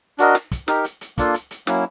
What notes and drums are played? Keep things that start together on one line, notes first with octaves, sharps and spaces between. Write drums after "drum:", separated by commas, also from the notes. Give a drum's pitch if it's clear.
D4 F#4 A#4 D#5, drum: hi-hat
drum: snare
drum: kick, hi-hat
D#4 G4 A#4, drum: snare
drum: hi-hat
drum: hi-hat
A#3 D4 F4 A4, drum: kick, hi-hat
drum: hi-hat
drum: hi-hat
F#3 A#3 C#4 E4, drum: snare